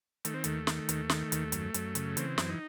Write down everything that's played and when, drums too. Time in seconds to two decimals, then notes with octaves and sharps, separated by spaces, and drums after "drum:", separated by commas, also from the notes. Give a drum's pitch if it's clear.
0.25 D#3 A3, drum: hi-hat
0.34 C4
0.44 D#2 A3, drum: hi-hat
0.67 D#3, drum: snare
0.89 D#2, drum: hi-hat
1.09 D#3, drum: snare
1.32 D#2, drum: hi-hat
1.52 F#2, drum: hi-hat
1.74 F#2, drum: hi-hat
1.95 C#3, drum: hi-hat
2.17 E3 C4, drum: hi-hat
2.38 F#2, drum: snare
2.49 D#4